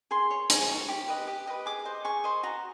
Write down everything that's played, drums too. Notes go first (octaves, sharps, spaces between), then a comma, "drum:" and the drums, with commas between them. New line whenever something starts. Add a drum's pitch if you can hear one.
G#4 C6
C#5
G#4 C#6, drum: hi-hat
C#5
G4
B4 D#5
G4
B4 D#5
G#4 D6
C5 D#5
G#4 C#6
C5 D#5
F#4 A#5